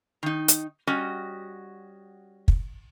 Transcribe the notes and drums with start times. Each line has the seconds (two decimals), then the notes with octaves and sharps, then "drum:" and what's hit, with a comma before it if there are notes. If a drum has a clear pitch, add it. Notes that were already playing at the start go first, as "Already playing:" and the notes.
0.23 D#3 D#4
0.48 drum: hi-hat
0.87 G3 C#4 F#4 D#5
2.48 drum: kick